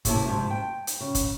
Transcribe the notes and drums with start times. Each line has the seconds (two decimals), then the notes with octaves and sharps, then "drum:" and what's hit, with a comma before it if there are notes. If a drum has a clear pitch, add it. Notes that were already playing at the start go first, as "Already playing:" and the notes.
0.05 A2 C3 A#3 E4 A5, drum: kick, hi-hat
0.26 F2 G#2 C3 A5
0.51 G5
0.87 drum: hi-hat
1.01 C#3
1.15 drum: kick, hi-hat